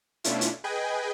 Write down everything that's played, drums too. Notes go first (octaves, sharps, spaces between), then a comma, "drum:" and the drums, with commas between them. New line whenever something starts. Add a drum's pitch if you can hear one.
B2 A3 C#4 D4 E4 F4, drum: hi-hat
drum: hi-hat
G#4 B4 D#5 G5 G#5